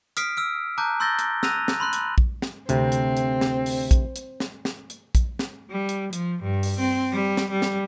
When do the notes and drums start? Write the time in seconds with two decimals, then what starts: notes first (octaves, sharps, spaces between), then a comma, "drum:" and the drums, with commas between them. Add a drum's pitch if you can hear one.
0.17 D#6 F6 B6 C7 D7, drum: hi-hat
0.37 E6 F6 D7
0.78 A5 A#5 D6 F#6 G6
1.00 C6 E6 G6 A6 A#6 G7
1.19 drum: hi-hat
1.43 E6 F#6 A#6 D#7 F7, drum: snare
1.68 drum: snare
1.80 B5 C6 F#6 F#7
1.93 drum: hi-hat
2.18 drum: kick A#1
2.42 drum: snare
2.69 D2 C3 C4, drum: hi-hat
2.92 drum: hi-hat
3.17 drum: hi-hat
3.41 drum: snare
3.66 drum: open hi-hat
3.91 drum: kick A#1, hi-hat
4.16 drum: hi-hat
4.40 drum: snare
4.65 drum: snare
4.90 drum: hi-hat
5.15 drum: kick A#1, hi-hat
5.39 drum: snare
5.70 G3
5.89 drum: hi-hat
6.13 F3, drum: hi-hat
6.43 G2
6.63 drum: open hi-hat
6.80 C4
7.13 G3
7.37 drum: snare
7.50 G3
7.62 drum: snare